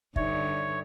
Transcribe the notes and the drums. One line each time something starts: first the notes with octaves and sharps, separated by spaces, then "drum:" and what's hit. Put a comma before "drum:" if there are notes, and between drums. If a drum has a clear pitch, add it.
G2 D3 D#4 C#5 D5 E5, drum: kick